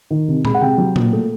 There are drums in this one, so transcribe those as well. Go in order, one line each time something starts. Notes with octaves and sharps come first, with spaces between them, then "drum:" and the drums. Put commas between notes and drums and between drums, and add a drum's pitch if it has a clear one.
D#3
C3
G#3 B5, drum: tom A#2
F#5
C3 G5
F#3
A#2, drum: tom A#2
A3